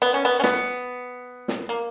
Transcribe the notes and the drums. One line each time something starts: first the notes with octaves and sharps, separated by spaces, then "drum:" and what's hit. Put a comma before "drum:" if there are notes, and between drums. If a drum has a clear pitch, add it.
B3
C#4
B3
C#4
B3, drum: snare
drum: snare
A#3